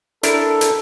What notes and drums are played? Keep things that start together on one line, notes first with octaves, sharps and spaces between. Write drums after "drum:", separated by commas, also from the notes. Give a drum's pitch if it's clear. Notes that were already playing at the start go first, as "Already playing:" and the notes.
D4 E4 A4 A#4, drum: hi-hat
drum: hi-hat